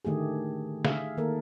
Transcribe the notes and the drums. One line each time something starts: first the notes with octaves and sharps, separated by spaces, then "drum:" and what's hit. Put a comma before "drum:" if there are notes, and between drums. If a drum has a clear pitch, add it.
D3 D#3 A3 G4 G#4
G#4 E5 F5, drum: snare
D#3 A#3 A4 A#4